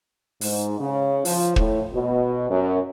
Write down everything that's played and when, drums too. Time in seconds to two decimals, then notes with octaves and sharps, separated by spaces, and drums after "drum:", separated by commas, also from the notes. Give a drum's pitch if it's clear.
0.41 G#2, drum: open hi-hat
0.80 C#3
1.25 F3, drum: open hi-hat
1.56 A2, drum: kick
1.93 B2
2.50 F#2